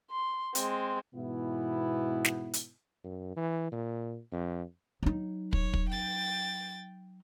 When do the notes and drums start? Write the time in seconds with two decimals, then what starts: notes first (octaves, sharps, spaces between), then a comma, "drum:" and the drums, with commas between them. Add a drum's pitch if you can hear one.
0.11 C6
0.55 G#3 C4, drum: hi-hat
1.15 G#2 B2 E3 B3 E4
2.25 drum: snare
2.53 drum: hi-hat
3.04 F#2
3.36 E3
3.72 A#2
4.32 F2
5.03 F#3 D#4
5.53 C#5, drum: kick
5.74 drum: kick
5.90 G5 A6